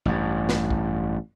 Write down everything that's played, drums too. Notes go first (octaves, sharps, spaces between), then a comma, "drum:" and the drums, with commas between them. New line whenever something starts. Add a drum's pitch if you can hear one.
A1 G2
drum: snare
drum: kick